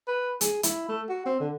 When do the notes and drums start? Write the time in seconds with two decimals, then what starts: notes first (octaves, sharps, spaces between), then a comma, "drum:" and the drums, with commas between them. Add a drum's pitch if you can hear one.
0.08 B4
0.41 G#4, drum: hi-hat
0.63 E4, drum: hi-hat
0.89 A3
1.09 F#4
1.26 C4
1.40 D3